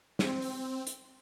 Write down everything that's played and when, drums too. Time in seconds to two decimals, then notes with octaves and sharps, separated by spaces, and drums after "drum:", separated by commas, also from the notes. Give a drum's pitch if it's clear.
0.19 C4, drum: snare
0.42 drum: open hi-hat
0.87 drum: hi-hat